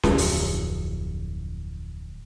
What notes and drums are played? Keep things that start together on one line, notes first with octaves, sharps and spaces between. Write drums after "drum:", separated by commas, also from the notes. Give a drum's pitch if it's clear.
D1 F2, drum: snare C#4
drum: open hi-hat